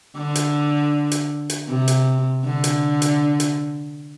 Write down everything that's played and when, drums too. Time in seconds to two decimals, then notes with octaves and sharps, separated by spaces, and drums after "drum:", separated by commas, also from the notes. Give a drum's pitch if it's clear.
0.16 D3
0.35 drum: hi-hat
1.11 drum: hi-hat
1.50 drum: hi-hat
1.69 C3
1.88 drum: hi-hat
2.44 D3
2.64 drum: hi-hat
3.02 drum: hi-hat
3.40 drum: hi-hat